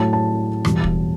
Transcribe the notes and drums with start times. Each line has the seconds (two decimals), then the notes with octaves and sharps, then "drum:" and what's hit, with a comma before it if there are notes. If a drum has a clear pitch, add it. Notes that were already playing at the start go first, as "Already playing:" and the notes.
Already playing: A2 F#3 A3 A5
0.13 A5
0.65 E2 B2 G3, drum: rim click
0.84 drum: kick